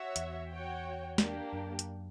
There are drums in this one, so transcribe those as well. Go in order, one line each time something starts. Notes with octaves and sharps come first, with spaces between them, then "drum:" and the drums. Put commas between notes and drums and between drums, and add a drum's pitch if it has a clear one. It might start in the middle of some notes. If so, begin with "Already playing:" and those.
Already playing: F#4 C#5 E5
E2, drum: hi-hat
F#4 C#5 G5
A#3 D4 G4, drum: snare
F#2
drum: hi-hat